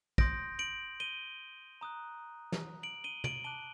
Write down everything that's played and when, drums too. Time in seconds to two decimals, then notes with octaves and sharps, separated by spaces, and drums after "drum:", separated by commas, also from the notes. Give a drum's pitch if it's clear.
0.18 C6 D#6 G6 A#6 D7, drum: kick
0.59 D7 F#7
1.00 D#7 G7
1.81 A#5 D#6 F#6
2.52 drum: snare
2.83 D7 F#7
3.04 D#7 G7
3.24 D7 F#7, drum: tom
3.44 A5 D6 F#6 D#7 G7